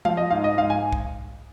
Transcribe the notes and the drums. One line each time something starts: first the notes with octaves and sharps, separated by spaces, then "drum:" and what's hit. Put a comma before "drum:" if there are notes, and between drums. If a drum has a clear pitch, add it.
F3 F5, drum: tom
D#5
G#2 F5
D#5
G#2 F5
G#5
drum: kick B1